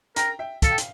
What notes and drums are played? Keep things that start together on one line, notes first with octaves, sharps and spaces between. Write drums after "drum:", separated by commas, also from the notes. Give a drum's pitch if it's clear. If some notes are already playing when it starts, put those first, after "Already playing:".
A#4 G5 A#5, drum: hi-hat
E5 G5
A4 F5 A5, drum: kick, hi-hat
G5
F5, drum: hi-hat